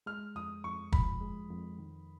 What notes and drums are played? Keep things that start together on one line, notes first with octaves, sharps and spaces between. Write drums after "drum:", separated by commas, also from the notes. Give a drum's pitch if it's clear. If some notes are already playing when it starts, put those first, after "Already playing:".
G#3 F6
F2 D#6
F2 C#6
F3 B5, drum: kick
G#3
F2
D#3